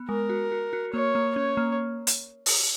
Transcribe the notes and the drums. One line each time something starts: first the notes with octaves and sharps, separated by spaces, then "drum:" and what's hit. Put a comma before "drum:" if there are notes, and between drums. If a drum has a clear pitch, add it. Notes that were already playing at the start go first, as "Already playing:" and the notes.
Already playing: B3
G#3 A#4
F#4
F#4
F#4
A#3 C#5
A#3
C#4 C#5
A#3
drum: hi-hat
drum: open hi-hat